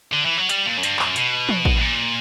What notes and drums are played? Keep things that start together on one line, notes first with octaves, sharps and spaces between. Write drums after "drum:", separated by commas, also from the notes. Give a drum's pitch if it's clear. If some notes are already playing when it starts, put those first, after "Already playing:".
D3
E3
F#3
G3, drum: hi-hat
A#2
F#2
G2, drum: hi-hat
F#2, drum: clap
B2, drum: hi-hat
drum: tom
drum: kick A1
G2
A#2